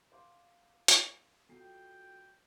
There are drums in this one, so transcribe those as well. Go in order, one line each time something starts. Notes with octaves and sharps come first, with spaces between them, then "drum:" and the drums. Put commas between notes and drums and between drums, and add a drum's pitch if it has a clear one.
C5 F5 F#5 C6 D6
drum: hi-hat
F#3 F4 F#4 A4 G5 C7